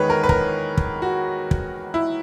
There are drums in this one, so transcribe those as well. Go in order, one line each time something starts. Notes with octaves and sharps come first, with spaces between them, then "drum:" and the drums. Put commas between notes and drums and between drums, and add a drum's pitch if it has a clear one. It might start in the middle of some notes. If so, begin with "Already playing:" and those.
Already playing: E2 D#3 G#3 B4 C#5
A#4
B4
A#4, drum: kick
drum: kick
F#4
drum: kick
E4